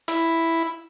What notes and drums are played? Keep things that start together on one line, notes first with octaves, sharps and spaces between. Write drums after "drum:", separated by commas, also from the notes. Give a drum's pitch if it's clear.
E4, drum: hi-hat